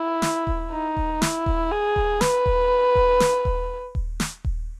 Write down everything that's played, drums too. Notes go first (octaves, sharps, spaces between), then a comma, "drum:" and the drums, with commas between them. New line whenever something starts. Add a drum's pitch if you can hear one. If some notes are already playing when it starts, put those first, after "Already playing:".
Already playing: E4
drum: snare
drum: kick D#1
D#4
drum: kick D#1
E4, drum: snare
drum: kick D#1
G#4
drum: kick D#1
B4, drum: snare
drum: kick D#1
drum: kick D#1
drum: snare
drum: kick D#1
drum: kick D#1
drum: snare
drum: kick D#1